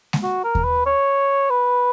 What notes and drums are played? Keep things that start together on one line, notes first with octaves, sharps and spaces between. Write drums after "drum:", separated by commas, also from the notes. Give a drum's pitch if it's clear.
drum: snare G#3
F#4
A#4
drum: kick D#2
B4
C#5
B4